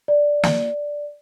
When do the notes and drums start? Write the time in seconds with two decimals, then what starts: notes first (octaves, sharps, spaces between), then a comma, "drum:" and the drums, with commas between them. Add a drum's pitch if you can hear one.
0.08 D5
0.43 drum: snare